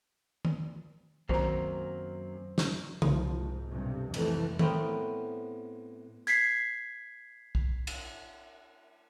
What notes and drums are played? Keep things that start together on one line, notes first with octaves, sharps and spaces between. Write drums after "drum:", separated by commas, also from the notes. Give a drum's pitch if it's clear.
drum: tom
F#2 D#3 F#3 A#3 C4 A#5, drum: kick
drum: snare
C2 F3, drum: tom C#3
G#2
B1 G2 C3
F1 C2 F2 E3 A3, drum: cymbal
A2 B3 C4 A#4, drum: tom
G#6 B6 C7, drum: hi-hat
drum: kick
drum: cymbal